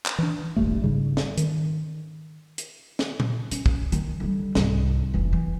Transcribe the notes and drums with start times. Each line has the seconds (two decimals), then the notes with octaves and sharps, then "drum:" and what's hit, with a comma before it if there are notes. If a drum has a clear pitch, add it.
0.06 drum: clap
0.18 E3 D4
0.56 D#1 G#1 G2 A3
0.82 G#2 C#3 G3
1.17 drum: snare
1.37 D#3, drum: hi-hat
2.58 drum: hi-hat
2.99 drum: snare
3.20 drum: tom
3.51 C#4, drum: hi-hat
3.66 drum: kick
3.92 D#3, drum: hi-hat
4.20 D3 G3
4.55 C2 G#2, drum: snare
5.14 F1 E3
5.33 E3